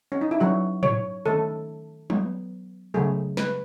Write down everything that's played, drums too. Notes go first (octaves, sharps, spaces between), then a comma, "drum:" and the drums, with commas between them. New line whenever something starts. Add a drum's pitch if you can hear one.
C#4
D#4
E4
F#3 C#4 F#4
C#5, drum: tom
D#3 A3 C#4 A4
F#3 B3, drum: tom
C#3 F#3 A3 G#4
B4, drum: snare